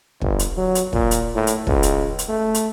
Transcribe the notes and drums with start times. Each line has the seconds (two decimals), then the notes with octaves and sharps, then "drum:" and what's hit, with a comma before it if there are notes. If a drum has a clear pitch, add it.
0.22 G1, drum: kick
0.39 drum: hi-hat
0.57 F#3
0.75 drum: hi-hat
0.93 A#2, drum: kick
1.11 drum: hi-hat
1.35 A2
1.47 drum: hi-hat
1.67 C#2, drum: kick
1.83 drum: hi-hat
2.19 drum: hi-hat
2.29 A3
2.54 drum: hi-hat